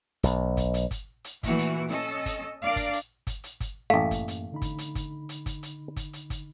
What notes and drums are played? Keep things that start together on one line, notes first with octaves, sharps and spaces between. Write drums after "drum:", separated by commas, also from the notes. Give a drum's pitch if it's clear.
B1, drum: hi-hat
drum: kick G1, hi-hat
drum: hi-hat
drum: kick G1, hi-hat
drum: hi-hat
A#2 E3 A3 F#4, drum: kick G1, hi-hat
drum: hi-hat
C#4 A4 D#5
drum: kick G1, hi-hat
D4 A#4 D5 F5
drum: kick G1, hi-hat
drum: hi-hat
drum: kick G1, hi-hat
drum: hi-hat
drum: kick G1, hi-hat
A1 F#2 A3 A#3 F5
drum: kick G1, hi-hat
drum: hi-hat
D3 D#4 B5
drum: kick G1, hi-hat
drum: hi-hat
drum: kick G1, hi-hat
drum: hi-hat
drum: kick G1, hi-hat
drum: hi-hat
drum: kick G1, hi-hat
drum: hi-hat
drum: kick G1, hi-hat